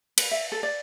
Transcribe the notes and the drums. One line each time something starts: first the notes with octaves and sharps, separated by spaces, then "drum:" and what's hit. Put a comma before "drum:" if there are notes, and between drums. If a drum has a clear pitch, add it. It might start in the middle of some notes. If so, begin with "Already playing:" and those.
B4, drum: cymbal
E5
A4
D5